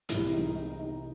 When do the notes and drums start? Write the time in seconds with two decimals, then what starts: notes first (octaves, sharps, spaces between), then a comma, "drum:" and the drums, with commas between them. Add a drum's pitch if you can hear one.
0.09 C2 C3 E3 G#3 E4, drum: hi-hat
0.33 D#4
0.55 D#4
0.80 D#4